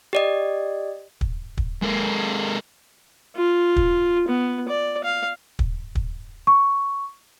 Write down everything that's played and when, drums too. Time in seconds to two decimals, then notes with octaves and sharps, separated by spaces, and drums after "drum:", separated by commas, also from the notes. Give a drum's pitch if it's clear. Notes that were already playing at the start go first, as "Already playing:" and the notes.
0.13 G4 D5 D#5
1.21 drum: kick
1.57 drum: kick
1.82 G#3 A#3
3.36 F4
3.76 drum: kick
4.28 B3
4.69 D5
5.04 F5
5.59 drum: kick
5.95 drum: kick
6.47 C#6